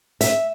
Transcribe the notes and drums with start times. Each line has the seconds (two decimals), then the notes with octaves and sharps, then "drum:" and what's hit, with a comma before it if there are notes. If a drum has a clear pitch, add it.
0.21 E5, drum: hi-hat